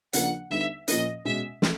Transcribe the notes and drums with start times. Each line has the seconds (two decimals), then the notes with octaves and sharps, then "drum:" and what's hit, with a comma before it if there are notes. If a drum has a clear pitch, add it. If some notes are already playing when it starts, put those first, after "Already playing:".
0.13 C#3 F3 A#3 D4 F#5, drum: hi-hat
0.50 D3 G3 B3 D#4 E5
0.88 A#2 F3 A#3 C#4 D#5, drum: hi-hat
1.25 B2 G#3 C#4 E5
1.62 A3, drum: snare